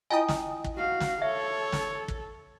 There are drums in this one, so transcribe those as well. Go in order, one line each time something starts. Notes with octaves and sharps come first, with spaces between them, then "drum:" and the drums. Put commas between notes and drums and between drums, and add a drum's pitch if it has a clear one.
E4 F4 D#5 G5 G#5 D#6
drum: snare
drum: kick
F#4 F5
drum: snare
A4 C#5 E5
drum: snare
drum: kick